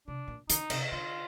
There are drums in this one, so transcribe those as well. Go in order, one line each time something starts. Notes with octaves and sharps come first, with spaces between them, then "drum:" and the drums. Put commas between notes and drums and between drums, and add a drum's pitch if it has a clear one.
C3 D4
A#2
D3 D#4, drum: hi-hat
C3, drum: cymbal
D3 F4